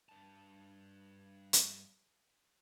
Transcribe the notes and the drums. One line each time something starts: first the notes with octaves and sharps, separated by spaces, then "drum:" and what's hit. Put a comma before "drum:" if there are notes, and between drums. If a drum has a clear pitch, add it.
G2 A5
drum: hi-hat